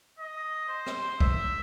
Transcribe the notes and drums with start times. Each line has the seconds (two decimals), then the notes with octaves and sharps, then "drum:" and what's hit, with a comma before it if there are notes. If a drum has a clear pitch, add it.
0.19 D#5
0.69 C5
0.86 drum: rim click
1.21 E5, drum: kick B1